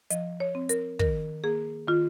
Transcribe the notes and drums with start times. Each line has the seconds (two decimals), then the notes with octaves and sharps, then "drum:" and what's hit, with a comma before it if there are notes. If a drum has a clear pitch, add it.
0.10 F3 D#5, drum: hi-hat
0.40 C#5
0.55 C4
0.69 A#4, drum: hi-hat
0.99 D#3 A#4, drum: kick
1.44 A#3 G#4
1.87 D#3 F4